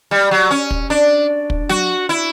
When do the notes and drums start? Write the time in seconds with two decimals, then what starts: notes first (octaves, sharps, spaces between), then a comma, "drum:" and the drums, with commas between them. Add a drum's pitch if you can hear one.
0.11 G3
0.31 F#3
0.51 C#4
0.71 drum: kick
0.90 D4
1.50 drum: kick
1.69 F#4, drum: tom F#3
2.09 E4